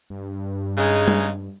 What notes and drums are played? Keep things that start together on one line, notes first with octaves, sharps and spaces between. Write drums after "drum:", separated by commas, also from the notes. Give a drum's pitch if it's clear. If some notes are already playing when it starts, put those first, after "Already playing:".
G2
C#3 G#3 D#4
drum: tom G3